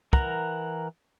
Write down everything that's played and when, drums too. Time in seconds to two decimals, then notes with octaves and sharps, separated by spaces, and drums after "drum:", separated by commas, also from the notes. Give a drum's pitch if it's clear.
0.13 E3 A#4 F#5 A#5, drum: kick